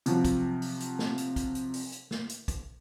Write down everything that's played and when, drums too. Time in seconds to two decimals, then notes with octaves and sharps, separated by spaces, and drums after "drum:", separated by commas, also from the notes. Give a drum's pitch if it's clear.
0.06 C3 F3 F#3, drum: hi-hat
0.25 drum: kick, hi-hat
0.62 drum: open hi-hat
0.80 drum: hi-hat
0.99 drum: snare
1.18 drum: hi-hat
1.36 drum: kick, hi-hat
1.55 drum: hi-hat
1.74 drum: open hi-hat
1.92 drum: hi-hat
2.11 drum: snare
2.29 drum: hi-hat
2.48 drum: kick, hi-hat